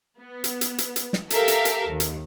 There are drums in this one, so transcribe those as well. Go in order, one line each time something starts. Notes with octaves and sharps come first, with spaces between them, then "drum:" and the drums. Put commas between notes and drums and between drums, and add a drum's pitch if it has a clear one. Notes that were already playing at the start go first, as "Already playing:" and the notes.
B3
drum: hi-hat
drum: hi-hat
drum: hi-hat
drum: hi-hat
drum: snare
G4 A4 A#4 E5 F5, drum: hi-hat
drum: hi-hat
drum: hi-hat
D#2
drum: hi-hat